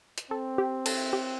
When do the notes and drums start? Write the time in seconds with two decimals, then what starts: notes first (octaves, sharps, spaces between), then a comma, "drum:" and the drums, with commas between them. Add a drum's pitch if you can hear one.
0.18 drum: hi-hat
0.31 C4 A4
0.58 G4
0.86 A4, drum: cymbal
1.13 G4